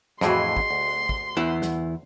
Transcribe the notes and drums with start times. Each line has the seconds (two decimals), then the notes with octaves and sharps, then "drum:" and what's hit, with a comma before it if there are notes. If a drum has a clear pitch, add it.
0.21 F2 A2 E3 F#4 G#4 D#5 C6, drum: snare
0.57 drum: kick
0.71 D2
1.09 drum: kick
1.37 E2 B3 E4
1.62 drum: snare